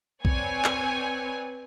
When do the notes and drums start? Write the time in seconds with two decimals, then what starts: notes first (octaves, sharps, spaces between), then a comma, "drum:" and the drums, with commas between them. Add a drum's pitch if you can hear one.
0.25 C4 B4 C#5 D5 G#5, drum: kick
0.64 drum: clap